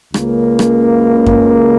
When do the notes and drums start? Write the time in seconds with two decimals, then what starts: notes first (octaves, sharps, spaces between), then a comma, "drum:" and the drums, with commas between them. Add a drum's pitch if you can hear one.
0.14 C#2 C#3 A#3, drum: rim click
0.59 drum: rim click
1.26 drum: kick F#2